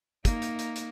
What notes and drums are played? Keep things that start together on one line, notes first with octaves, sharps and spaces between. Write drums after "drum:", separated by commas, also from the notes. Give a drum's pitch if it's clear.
A#3 D#4, drum: kick, hi-hat
drum: hi-hat
drum: hi-hat
drum: hi-hat